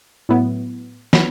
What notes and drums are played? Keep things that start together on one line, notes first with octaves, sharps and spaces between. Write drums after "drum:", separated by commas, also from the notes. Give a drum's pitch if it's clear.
A2 F#3 B3 E4
F#3 B3 B5, drum: snare